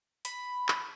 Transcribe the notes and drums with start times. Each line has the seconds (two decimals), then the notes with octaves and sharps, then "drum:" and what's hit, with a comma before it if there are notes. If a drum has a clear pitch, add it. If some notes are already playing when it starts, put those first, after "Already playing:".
0.25 B5, drum: hi-hat
0.68 drum: clap